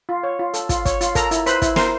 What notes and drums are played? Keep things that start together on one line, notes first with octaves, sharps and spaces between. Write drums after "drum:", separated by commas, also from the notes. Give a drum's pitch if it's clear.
F4
C#5
F4
A4, drum: hi-hat
F4, drum: kick, hi-hat
C#5, drum: kick, hi-hat
F4, drum: hi-hat
A4 A#4 A#5, drum: kick, hi-hat
E4, drum: hi-hat
B4 C5 B5, drum: hi-hat
E4, drum: kick, hi-hat
A#4 C5 C6, drum: snare